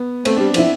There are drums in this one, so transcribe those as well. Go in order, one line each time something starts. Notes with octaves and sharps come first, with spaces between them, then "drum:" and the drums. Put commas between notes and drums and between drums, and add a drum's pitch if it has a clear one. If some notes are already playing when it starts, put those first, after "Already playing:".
Already playing: B3
A3 C4, drum: cymbal
G3 D4
F3 E4, drum: cymbal